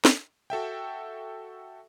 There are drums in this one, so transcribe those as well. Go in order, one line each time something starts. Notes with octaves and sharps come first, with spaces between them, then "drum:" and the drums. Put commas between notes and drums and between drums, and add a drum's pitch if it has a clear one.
drum: snare
F#4 A4 E5 G5